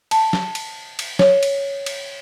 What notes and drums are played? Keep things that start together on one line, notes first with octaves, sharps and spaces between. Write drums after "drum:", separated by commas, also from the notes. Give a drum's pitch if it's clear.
A5, drum: cymbal
drum: snare
drum: cymbal
drum: cymbal
C#5, drum: snare
drum: cymbal
drum: cymbal